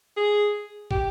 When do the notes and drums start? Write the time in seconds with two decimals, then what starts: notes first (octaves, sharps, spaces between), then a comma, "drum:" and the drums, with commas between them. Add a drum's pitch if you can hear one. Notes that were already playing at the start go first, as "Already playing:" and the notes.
0.17 G#4
0.91 G4, drum: kick